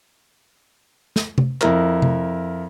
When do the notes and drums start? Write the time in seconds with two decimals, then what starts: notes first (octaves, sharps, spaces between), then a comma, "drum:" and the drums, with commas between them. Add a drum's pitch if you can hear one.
1.16 drum: snare
1.38 drum: tom C3
1.61 F2 E4 A#4, drum: clap
2.02 drum: tom C3